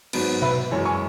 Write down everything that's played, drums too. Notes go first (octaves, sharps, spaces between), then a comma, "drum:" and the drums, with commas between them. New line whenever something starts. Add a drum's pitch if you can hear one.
G#2 F#3 B3, drum: cymbal
B4 E5, drum: tom B2
F#2 E3 G#3 C#5
G#5 C#6